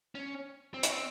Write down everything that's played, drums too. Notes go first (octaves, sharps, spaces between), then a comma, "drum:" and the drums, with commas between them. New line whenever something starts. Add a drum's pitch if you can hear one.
C#4
C4
C#4, drum: hi-hat
C4